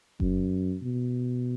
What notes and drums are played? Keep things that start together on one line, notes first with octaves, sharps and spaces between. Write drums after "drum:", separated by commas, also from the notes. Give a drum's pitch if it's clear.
F#2, drum: kick F1
B2